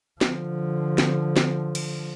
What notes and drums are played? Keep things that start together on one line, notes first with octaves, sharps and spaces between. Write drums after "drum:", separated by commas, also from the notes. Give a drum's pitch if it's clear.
D3 F3, drum: snare
drum: snare
drum: snare
drum: cymbal